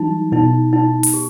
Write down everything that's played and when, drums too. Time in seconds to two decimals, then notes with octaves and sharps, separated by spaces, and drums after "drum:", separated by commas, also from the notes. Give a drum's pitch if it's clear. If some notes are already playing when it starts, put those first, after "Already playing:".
Already playing: E3 F#3 G3 D#4
0.32 B2 D#4
0.73 D#4
1.03 drum: open hi-hat
1.14 G4